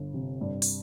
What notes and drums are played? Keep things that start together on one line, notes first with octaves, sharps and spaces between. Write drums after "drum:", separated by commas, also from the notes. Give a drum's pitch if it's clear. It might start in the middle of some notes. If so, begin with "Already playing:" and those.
Already playing: G1
C3
G2
drum: open hi-hat